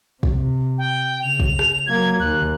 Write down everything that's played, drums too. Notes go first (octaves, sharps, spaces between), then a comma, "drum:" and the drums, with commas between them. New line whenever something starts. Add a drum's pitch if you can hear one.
C3, drum: kick
G5
C#3 F7
drum: kick
drum: rim click
F#3 A#3 G#6
D#2 F#6